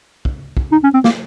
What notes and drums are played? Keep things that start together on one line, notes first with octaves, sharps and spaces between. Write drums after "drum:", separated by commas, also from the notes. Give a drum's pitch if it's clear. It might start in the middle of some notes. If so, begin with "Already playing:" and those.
drum: kick
drum: kick
D#4
C#4
C4
A#3, drum: snare